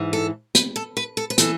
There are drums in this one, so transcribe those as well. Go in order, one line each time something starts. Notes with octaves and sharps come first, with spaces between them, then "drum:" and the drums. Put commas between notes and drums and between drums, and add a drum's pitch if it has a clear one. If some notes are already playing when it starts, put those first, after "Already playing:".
Already playing: G#2 E3
A4
B4, drum: hi-hat
A4
B4
A4
B4
E3 A4, drum: hi-hat